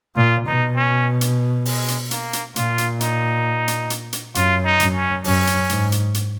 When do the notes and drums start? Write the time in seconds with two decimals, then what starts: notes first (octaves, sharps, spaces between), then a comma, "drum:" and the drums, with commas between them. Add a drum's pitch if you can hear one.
0.16 A#2 F4
0.46 B2 D#4
0.76 C#4
1.21 drum: hi-hat
1.65 G#3, drum: open hi-hat
1.88 drum: hi-hat
2.11 A#3, drum: hi-hat
2.33 drum: hi-hat
2.56 A#2 F4, drum: hi-hat
2.78 drum: hi-hat
3.01 D#4, drum: hi-hat
3.68 drum: hi-hat
3.90 drum: hi-hat
4.13 drum: hi-hat
4.35 F#2 F4, drum: hi-hat
4.65 D#4
4.80 F#2, drum: hi-hat
4.95 C#4
5.24 F#2 C#4, drum: open hi-hat
5.47 drum: hi-hat
5.69 G#2, drum: hi-hat
5.92 drum: hi-hat
6.14 drum: hi-hat